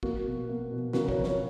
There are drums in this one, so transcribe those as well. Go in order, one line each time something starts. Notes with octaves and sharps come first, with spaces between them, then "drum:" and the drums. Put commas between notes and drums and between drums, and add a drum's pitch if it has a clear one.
A#3 F#4, drum: kick
B2
A#3
B2
C#3 F#4 A#4, drum: snare
A#4 C#5, drum: kick
F2
A#4 C#5, drum: snare